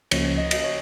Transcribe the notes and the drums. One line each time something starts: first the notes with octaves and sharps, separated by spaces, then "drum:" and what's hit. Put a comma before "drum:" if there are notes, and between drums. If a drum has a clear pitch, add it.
C#2 C#3 F3 A#3 C#4 C#5, drum: cymbal
D#5
drum: cymbal
C#5